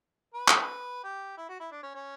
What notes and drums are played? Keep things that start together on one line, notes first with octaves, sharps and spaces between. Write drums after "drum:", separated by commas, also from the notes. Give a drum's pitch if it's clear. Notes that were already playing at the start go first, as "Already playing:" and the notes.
B4
drum: clap
G4
E4
F#4
E4
D4
C#4
C#4